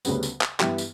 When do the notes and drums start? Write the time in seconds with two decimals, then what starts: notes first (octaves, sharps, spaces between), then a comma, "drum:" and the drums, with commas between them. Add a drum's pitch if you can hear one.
0.05 D2 C#3 G3 B3, drum: tambourine
0.23 drum: tambourine
0.41 drum: clap
0.60 G2 E3 B3 E4 G4, drum: clap
0.78 drum: tambourine